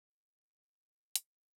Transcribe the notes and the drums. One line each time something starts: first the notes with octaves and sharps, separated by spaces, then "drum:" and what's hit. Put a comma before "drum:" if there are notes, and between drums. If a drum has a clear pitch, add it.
D4
D#4
D#4
F4
G3, drum: hi-hat
A#4